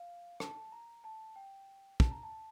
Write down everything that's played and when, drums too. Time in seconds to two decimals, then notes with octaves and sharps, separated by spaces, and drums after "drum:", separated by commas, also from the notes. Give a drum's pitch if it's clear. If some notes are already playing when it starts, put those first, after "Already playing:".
Already playing: F5
0.40 A5, drum: rim click
0.72 A#5
1.04 A5
1.36 G5
2.00 A5, drum: kick
2.11 A#5
2.23 A5